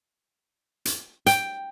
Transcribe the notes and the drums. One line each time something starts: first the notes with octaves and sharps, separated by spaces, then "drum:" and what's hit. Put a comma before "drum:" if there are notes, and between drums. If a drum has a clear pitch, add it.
drum: hi-hat
G5, drum: hi-hat